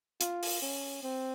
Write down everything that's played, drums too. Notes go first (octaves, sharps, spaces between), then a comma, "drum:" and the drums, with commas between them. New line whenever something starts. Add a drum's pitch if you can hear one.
F4, drum: hi-hat
drum: open hi-hat
C#4
C4